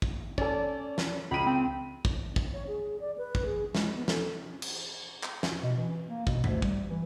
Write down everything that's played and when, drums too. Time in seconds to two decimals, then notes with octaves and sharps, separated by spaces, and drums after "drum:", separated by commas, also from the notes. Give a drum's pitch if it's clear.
0.02 drum: kick
0.38 C#4 A4 D5, drum: kick
0.98 drum: snare
1.31 C#2 B5 D#7
1.46 C4
2.05 drum: kick
2.36 drum: kick
2.54 C#5
2.67 G#4
3.00 D5
3.18 B4
3.35 drum: kick
3.45 G#4
3.75 G#3, drum: snare
3.96 B3
4.08 A4, drum: snare
4.62 drum: cymbal
5.23 drum: clap
5.43 drum: snare
5.63 B2
5.77 E3
6.08 A#3
6.27 B2, drum: kick
6.44 D2, drum: tom G2
6.62 G3, drum: kick
6.88 E3